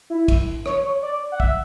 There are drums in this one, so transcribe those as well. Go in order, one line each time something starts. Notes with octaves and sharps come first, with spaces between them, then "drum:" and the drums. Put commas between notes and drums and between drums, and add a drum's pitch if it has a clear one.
E4
drum: kick, cymbal
C#5, drum: rim click
C#5
D5
F#5
E5, drum: kick